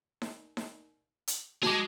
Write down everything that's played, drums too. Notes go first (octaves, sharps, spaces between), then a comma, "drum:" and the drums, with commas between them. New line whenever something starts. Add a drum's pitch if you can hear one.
drum: snare D#4
drum: snare D#4
drum: hi-hat
G#3 F#4 G#4 A5 D6, drum: snare D#4